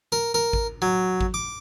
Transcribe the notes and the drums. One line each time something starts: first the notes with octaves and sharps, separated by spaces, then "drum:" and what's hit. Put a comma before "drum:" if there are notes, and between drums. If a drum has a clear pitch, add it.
A#4
A#4
drum: kick G#1
F#3
drum: kick G#1
D6